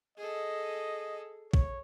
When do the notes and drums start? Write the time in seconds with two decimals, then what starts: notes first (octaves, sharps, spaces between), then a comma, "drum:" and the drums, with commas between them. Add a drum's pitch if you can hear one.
0.18 G#4 A4 D#5
1.54 C#5, drum: kick